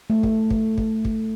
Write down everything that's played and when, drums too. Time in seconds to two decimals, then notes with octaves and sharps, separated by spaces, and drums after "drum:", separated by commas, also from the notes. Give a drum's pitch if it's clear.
0.10 A3
0.23 drum: kick
0.50 drum: kick
0.78 drum: kick
1.05 drum: kick